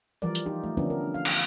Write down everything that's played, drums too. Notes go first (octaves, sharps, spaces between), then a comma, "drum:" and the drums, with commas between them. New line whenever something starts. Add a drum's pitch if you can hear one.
E3 F3 G3 A#4 D5
drum: tambourine
D#4 F4 G4
A3
D3 F3 A#3 B3 C#4 D4
A#4
F5
drum: cymbal